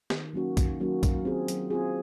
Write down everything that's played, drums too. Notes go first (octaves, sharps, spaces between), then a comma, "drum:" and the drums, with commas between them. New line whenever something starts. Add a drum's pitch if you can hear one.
D#3, drum: snare
F#3 A#3 C#4 F#4
D#3, drum: kick, hi-hat
F#3 A#3 C#4 F#4
F#3, drum: kick, hi-hat
C4 F4 G#4
F#3, drum: hi-hat
C4 F4 G#4